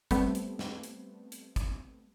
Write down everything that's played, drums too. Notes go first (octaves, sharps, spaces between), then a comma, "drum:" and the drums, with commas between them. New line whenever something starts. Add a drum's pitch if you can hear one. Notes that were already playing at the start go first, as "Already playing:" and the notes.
G3 A3 B3 C4, drum: kick, hi-hat
drum: hi-hat
drum: snare
drum: hi-hat
drum: hi-hat
drum: kick, hi-hat